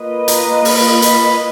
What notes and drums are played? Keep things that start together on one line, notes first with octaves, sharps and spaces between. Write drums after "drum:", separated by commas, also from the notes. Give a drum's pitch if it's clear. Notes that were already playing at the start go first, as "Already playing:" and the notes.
Already playing: A#3 F4 B4 D#5
A#5, drum: hi-hat
B5, drum: open hi-hat
B5, drum: hi-hat